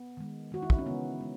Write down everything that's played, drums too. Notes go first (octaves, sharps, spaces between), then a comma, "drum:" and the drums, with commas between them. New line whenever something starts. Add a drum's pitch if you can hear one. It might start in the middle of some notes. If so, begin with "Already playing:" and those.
Already playing: B3
D#3 G#3
D#3 G#3 F#4
E4
D#4, drum: kick
C#4
C#3 E3 G#3 B3
G#3